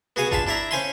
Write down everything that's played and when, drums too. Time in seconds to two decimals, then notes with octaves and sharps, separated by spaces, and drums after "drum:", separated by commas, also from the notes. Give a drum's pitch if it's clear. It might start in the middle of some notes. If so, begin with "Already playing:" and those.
0.16 B3 F#4 G#4 F5 G#5
0.31 D4 F4 F5 A5 B5, drum: kick G#1
0.47 D4 E4 D5 E5 A#5
0.71 C#4 C5 F5 G#5 B5 C6